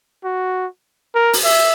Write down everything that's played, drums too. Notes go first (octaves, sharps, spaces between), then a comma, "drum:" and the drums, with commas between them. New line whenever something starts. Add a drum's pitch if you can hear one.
F#4
A#4
drum: open hi-hat
E5